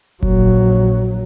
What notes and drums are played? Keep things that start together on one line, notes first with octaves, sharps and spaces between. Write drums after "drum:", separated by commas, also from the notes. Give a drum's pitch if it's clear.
A#1 F#3, drum: kick F#1